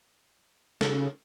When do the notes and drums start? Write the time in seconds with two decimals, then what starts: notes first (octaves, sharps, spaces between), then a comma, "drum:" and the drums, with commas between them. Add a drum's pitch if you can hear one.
0.81 C#3 F#4 A4, drum: snare